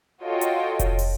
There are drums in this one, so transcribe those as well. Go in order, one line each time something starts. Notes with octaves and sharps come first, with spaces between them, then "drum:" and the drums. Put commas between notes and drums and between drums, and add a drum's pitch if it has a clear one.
F4 F#4 A4 C#5 D#5 G5
drum: hi-hat
drum: kick F1, hi-hat
drum: open hi-hat